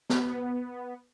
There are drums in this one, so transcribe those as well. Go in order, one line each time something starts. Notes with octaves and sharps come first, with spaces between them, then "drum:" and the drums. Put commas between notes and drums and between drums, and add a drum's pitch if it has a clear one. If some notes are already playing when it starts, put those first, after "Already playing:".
B3, drum: snare